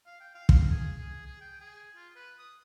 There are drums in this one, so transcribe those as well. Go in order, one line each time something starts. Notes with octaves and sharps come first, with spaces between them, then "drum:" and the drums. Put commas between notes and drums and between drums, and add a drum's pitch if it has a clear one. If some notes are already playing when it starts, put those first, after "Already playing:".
F5
G5
F5
F5, drum: kick
G#4
G#4
G#4
G5
G#4
F4
B4
D#6